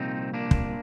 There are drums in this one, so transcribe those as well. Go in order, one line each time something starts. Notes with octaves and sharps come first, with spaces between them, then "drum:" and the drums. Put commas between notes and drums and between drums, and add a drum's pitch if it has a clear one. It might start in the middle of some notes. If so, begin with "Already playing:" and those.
Already playing: C2 A#2 F3 C4 D#4
A#3 D4
drum: kick